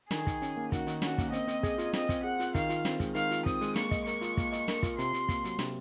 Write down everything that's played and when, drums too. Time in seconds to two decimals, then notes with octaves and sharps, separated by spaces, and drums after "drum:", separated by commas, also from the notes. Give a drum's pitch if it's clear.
0.11 D#3 G#4, drum: snare
0.27 D#3, drum: kick, hi-hat
0.42 C#4, drum: hi-hat
0.57 A#3
0.72 D#3 F#4, drum: kick, hi-hat
0.87 D#3, drum: hi-hat
1.02 C#4 F#4, drum: snare
1.18 A#3, drum: kick, hi-hat
1.32 C4 D#5, drum: hi-hat
1.48 C4, drum: hi-hat
1.63 G#4, drum: kick, hi-hat
1.78 F4, drum: hi-hat
1.93 C4 D#5, drum: snare
2.09 C4, drum: kick, hi-hat
2.24 G#4 F#5
2.40 F4, drum: hi-hat
2.55 D#3 F5, drum: kick, hi-hat
2.69 F4, drum: hi-hat
2.85 C4, drum: snare
3.00 G#3, drum: kick, hi-hat
3.15 D#3 F5, drum: hi-hat
3.31 F4, drum: hi-hat
3.46 C4 D#6, drum: kick, hi-hat
3.61 G#3, drum: hi-hat
3.76 A#3 C#6, drum: snare
3.91 D#5, drum: kick, hi-hat
4.06 A#4 C#6, drum: hi-hat
4.21 F4, drum: hi-hat
4.37 A#3, drum: kick, hi-hat
4.52 D#5, drum: hi-hat
4.68 A#4, drum: snare
4.83 F4, drum: kick, hi-hat
4.98 C3 C6, drum: hi-hat
5.13 C3, drum: hi-hat
5.29 A#3, drum: kick, hi-hat
5.44 F#3, drum: hi-hat
5.59 C3, drum: snare